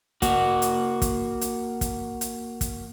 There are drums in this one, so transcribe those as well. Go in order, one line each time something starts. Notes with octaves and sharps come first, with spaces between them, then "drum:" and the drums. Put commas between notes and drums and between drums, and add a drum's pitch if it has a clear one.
A#3 F#4, drum: kick, hi-hat
drum: hi-hat
drum: kick, hi-hat
drum: hi-hat
drum: kick, hi-hat
drum: hi-hat
drum: kick, hi-hat